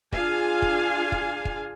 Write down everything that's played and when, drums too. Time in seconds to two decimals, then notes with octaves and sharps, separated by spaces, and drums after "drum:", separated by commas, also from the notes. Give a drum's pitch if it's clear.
0.12 D4 F4 G#4 F5 G#5, drum: kick
0.62 drum: kick
1.12 drum: kick
1.45 drum: kick